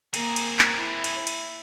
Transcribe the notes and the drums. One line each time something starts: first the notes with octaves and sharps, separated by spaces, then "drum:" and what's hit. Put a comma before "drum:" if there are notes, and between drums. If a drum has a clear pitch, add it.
A#3 C4 G#4 A#4, drum: cymbal
drum: cymbal
drum: clap
E4
drum: cymbal
drum: cymbal